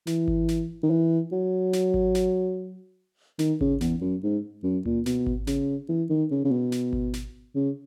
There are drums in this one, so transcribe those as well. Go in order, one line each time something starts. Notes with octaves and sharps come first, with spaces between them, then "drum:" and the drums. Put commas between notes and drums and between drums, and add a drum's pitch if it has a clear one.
E3, drum: snare
drum: kick G#1
drum: snare
D#3
E3
F#3
drum: snare
drum: kick G#1
drum: snare
D#3, drum: snare
C#3, drum: kick G#1
E2, drum: snare
F#2
G#2
F#2
A#2, drum: tom C#2
B2, drum: snare
drum: kick G#1
C#3, drum: snare
E3
D#3
C#3
C#3
B2
drum: snare
drum: kick G#1
drum: snare
C#3